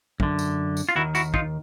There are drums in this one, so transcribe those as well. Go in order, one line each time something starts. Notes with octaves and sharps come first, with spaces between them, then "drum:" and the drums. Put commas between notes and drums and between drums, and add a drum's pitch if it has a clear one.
F#2 D3, drum: kick
drum: tambourine
drum: tambourine
F4
D#2 D#3 E4 F#4
E4 F#4, drum: tambourine
D#4 F4, drum: kick